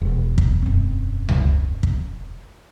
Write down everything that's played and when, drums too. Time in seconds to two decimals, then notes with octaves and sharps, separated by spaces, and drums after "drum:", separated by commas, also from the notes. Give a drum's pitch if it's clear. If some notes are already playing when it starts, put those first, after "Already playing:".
0.01 E1
0.38 drum: kick
0.62 F#2 C4
1.29 drum: tom C#2
1.83 drum: kick